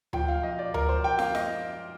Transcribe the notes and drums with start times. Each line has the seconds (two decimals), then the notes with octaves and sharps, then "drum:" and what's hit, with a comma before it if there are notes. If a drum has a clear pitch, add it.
0.13 A#2 F3 G5, drum: tom D2
0.28 F5
0.43 D#5
0.59 D5
0.74 A#4, drum: tom D2
0.89 C5
1.04 G5
1.19 F5, drum: snare
1.35 D#5, drum: snare